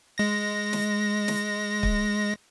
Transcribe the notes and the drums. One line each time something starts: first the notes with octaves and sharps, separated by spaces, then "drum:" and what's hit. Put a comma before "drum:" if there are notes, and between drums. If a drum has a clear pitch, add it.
G#3 A#6
drum: snare
drum: snare
drum: kick